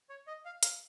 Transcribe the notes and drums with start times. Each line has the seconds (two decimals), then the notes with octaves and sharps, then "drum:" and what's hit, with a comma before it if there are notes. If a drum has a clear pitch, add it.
0.10 C#5
0.27 D#5
0.45 F5
0.63 F5, drum: hi-hat